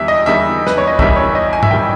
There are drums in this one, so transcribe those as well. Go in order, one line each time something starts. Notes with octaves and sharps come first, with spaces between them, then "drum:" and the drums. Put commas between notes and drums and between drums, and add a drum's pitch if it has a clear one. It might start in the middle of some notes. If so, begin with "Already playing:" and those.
Already playing: E2 D#3 G3 E5
D#5
E2 D#3 G3 E5
B4, drum: snare
C#5
D#5
E2 D#3 G3 E5, drum: kick
C#5
D#5
G#5
E5, drum: tom G#2
D#3 G3 G5